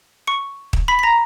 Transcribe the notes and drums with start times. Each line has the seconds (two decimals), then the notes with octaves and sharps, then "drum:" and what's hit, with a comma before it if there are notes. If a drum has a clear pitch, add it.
0.27 C#6 C#7
0.73 drum: kick
0.88 B5 B6
0.99 B6
1.03 A#5 A#6